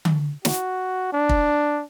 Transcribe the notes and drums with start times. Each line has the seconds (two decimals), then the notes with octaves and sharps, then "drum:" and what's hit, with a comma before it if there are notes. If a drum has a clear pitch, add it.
0.05 drum: tom D3
0.45 F#4, drum: snare
1.13 D4
1.29 drum: kick